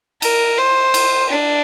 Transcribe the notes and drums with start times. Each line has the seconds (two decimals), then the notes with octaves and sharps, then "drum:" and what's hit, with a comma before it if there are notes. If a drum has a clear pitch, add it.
0.22 A#4, drum: cymbal
0.57 C5
0.94 drum: cymbal
1.29 D4